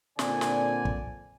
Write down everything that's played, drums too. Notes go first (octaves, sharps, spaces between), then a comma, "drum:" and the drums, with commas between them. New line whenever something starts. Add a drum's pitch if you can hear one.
A#2 D3 C4 D5 G#5, drum: snare
drum: snare
drum: kick